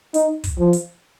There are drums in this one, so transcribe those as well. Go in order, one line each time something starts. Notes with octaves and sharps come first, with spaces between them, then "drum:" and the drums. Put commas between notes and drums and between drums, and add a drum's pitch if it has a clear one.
D#4, drum: hi-hat
drum: kick, hi-hat
F3
drum: hi-hat